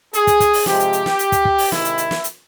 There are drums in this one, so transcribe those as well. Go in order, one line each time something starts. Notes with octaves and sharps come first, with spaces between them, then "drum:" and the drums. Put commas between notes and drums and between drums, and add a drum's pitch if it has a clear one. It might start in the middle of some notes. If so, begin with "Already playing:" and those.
G#4, drum: hi-hat
drum: kick, hi-hat
drum: kick, hi-hat
drum: open hi-hat
C3 F3 G#3 G4, drum: snare
drum: hi-hat
drum: hi-hat
drum: snare
drum: hi-hat
drum: kick, hi-hat
drum: kick
drum: open hi-hat
C3 D#3 G#3 E4, drum: snare
drum: hi-hat
drum: hi-hat
drum: snare
drum: hi-hat